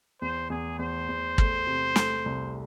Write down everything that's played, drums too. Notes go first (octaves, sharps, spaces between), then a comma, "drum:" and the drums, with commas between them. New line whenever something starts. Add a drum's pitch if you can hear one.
E2 C5
E2 G#4
E2 C5
E2
A3, drum: kick
C3
A3, drum: snare
C2